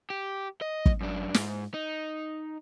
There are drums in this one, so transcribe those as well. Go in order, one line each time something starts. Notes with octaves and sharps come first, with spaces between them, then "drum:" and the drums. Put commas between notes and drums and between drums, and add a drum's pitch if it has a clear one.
G4
D#5
drum: kick
F#2 D4
G#2, drum: snare
D#4